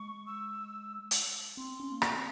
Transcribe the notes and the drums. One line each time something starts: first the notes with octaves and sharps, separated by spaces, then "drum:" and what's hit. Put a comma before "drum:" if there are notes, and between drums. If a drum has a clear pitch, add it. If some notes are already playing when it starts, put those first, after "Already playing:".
Already playing: G#3 C#6
E6
drum: hi-hat
C4 C6
C#4
A#3
C4, drum: rim click